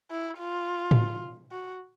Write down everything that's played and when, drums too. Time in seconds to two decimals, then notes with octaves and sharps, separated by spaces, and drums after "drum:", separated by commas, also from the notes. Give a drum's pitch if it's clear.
0.11 E4
0.39 F4
0.91 drum: tom A2
1.52 F#4